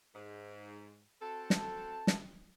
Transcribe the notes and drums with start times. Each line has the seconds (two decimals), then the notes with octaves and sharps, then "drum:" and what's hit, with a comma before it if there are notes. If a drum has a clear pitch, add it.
0.15 G#2
1.22 C4 F#4 A4 A5
1.50 drum: snare
2.07 drum: snare